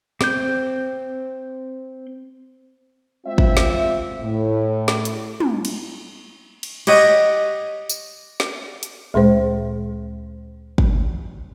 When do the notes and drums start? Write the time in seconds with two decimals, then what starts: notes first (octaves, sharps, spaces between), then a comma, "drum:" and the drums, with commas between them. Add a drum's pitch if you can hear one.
0.21 C4 G6, drum: snare
3.26 G#3 C4 F4 E5
3.38 drum: kick
3.57 drum: snare
4.21 A2
4.88 drum: snare
5.05 drum: hi-hat
5.40 drum: tom
5.65 drum: cymbal
6.63 drum: cymbal
6.87 G4 C#5 D#5 F#5, drum: cymbal
7.89 drum: tambourine
8.40 drum: snare
8.83 drum: hi-hat
9.14 D2 A#2 G#3 C5
10.78 drum: kick